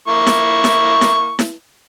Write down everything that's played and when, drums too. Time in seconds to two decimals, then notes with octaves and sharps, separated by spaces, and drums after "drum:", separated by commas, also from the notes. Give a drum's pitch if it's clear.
0.08 A#3 E4 C#6
0.26 drum: snare E4
0.64 drum: snare E4
1.01 drum: snare E4
1.39 drum: snare E4